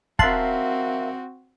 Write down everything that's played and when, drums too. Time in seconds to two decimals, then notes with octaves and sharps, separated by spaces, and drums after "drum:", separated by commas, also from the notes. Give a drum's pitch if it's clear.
0.19 C4 F#4 A#4 E5 F5 A5 C6 F#6, drum: kick